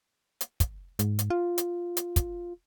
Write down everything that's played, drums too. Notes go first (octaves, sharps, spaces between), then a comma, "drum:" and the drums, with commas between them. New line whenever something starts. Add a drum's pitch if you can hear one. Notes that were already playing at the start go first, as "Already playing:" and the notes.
drum: hi-hat
drum: kick, hi-hat
G#2, drum: hi-hat
drum: hi-hat
F4
drum: hi-hat
drum: hi-hat
drum: kick, hi-hat